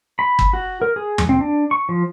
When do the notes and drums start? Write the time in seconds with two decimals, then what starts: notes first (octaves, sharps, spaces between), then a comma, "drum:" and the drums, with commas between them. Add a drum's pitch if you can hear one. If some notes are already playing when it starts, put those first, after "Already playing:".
0.19 B5
0.39 drum: kick G1
0.53 F#4
0.82 A#4
0.96 G#4
1.18 drum: tom
1.29 C4
1.41 D4
1.71 C#6
1.89 F3